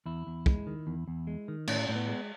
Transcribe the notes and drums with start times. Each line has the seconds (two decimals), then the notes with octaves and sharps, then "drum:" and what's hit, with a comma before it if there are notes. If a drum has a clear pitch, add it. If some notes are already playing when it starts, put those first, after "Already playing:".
0.06 E2 E4
0.27 E2
0.46 G#3, drum: kick
0.67 D#3
0.87 E2
1.08 E2
1.27 G#3
1.48 D#3
1.67 A2 C#4, drum: cymbal
1.89 A2
1.96 B3
2.08 G#3